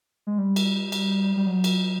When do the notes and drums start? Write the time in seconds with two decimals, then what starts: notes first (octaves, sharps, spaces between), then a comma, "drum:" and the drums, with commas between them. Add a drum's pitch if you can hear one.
0.27 G#3
0.38 G3
0.56 drum: cymbal
0.92 drum: cymbal
1.37 G3
1.46 F#3
1.64 drum: cymbal